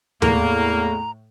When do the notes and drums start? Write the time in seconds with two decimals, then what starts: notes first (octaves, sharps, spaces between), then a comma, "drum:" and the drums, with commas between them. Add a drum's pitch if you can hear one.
0.22 E2 A2 A#3 A#5, drum: tom D#2